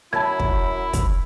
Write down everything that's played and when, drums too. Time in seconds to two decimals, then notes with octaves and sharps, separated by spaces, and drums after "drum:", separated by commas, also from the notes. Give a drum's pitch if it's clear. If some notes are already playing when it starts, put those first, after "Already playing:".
0.13 F#2 E4 A5 B5 G#6, drum: rim click
0.40 drum: kick
0.93 drum: kick, hi-hat